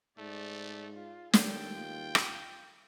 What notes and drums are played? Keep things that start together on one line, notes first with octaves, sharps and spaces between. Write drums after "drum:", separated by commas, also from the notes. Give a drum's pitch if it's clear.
G#2 A3 D5
F4
D#2 A4 G5, drum: snare
F4
drum: rim click